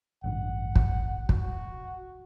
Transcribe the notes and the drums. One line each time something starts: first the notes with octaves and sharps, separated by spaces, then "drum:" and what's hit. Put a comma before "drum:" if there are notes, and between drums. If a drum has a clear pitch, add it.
A1 G2 D3 F#5
drum: kick
F#4, drum: kick